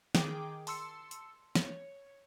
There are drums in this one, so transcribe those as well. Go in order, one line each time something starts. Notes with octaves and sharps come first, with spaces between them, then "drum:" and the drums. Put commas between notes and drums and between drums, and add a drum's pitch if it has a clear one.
D#3 G#4 G5 D6, drum: snare
A5 C6 E6 C#7, drum: open hi-hat
drum: hi-hat
C#5, drum: snare